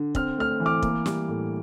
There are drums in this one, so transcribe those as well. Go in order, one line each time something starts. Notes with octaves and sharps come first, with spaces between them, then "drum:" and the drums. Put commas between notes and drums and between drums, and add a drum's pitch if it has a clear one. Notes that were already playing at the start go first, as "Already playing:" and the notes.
Already playing: D3
C4 F6, drum: kick
A3 F6
E3
D6 F6
A#3, drum: kick
G3, drum: snare
A2